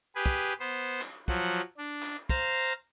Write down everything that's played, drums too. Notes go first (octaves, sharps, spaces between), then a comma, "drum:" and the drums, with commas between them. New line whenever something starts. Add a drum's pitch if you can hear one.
G4 G#4 B4
drum: kick
B3 C5
drum: clap
F3 F#3 F#5, drum: kick
D4
drum: clap
C5 F5 A#5, drum: kick